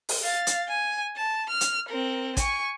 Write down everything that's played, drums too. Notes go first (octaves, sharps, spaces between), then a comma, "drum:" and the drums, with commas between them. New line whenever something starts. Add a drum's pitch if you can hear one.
drum: open hi-hat
F5 A6
drum: hi-hat
G#5
A5
F6
drum: hi-hat
C4 A#4
G#5 C#6, drum: kick A1, hi-hat